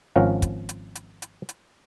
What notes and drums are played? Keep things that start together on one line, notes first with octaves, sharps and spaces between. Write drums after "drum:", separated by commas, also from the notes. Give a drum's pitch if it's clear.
G#1 F3 C#4 A#4 F5 F#5
drum: kick, hi-hat
drum: hi-hat
drum: hi-hat
drum: hi-hat
drum: hi-hat